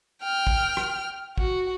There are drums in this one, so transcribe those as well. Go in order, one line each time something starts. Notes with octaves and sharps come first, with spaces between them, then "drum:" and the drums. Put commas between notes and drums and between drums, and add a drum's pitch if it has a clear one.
G5 F6
drum: kick
drum: rim click
F#4, drum: kick